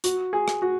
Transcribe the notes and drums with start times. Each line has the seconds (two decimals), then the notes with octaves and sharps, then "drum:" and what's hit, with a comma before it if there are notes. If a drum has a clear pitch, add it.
0.04 F#4, drum: hi-hat
0.33 G#4
0.48 drum: rim click
0.62 F#4